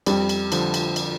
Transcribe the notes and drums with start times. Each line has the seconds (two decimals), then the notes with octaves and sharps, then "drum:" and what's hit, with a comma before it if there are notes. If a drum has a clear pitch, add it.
0.06 F2 G3, drum: cymbal
0.29 drum: cymbal
0.52 D3 F3, drum: cymbal
0.74 drum: cymbal
0.96 drum: cymbal